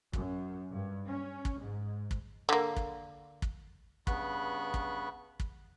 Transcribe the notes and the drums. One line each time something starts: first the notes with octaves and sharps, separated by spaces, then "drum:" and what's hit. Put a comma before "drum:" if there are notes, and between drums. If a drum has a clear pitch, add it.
F#2, drum: kick
G2
C#4
drum: kick
G#2
drum: kick
D3 A#3
drum: kick
drum: kick
G2 C#3 B3 B5 C#6 F#6, drum: kick
drum: kick
drum: kick